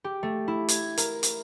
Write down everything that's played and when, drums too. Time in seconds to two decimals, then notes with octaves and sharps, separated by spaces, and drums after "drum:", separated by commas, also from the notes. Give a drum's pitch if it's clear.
0.04 G4
0.23 A3
0.48 E4
0.69 G#6, drum: hi-hat
0.97 A#4, drum: hi-hat
1.23 drum: hi-hat